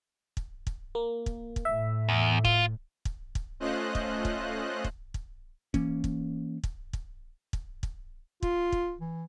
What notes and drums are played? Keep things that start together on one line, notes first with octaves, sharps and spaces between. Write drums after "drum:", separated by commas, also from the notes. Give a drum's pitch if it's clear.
drum: kick
drum: kick
A#3
drum: kick
drum: kick
A2 E5
E2
F4, drum: kick
drum: kick
drum: kick
A3 C#4 F4 C5 D#5 F#6
drum: kick
drum: kick
drum: kick
drum: kick
E3 A#3 C#4, drum: kick
drum: kick
drum: kick
drum: kick
drum: kick
drum: kick
F4, drum: kick
drum: kick
E3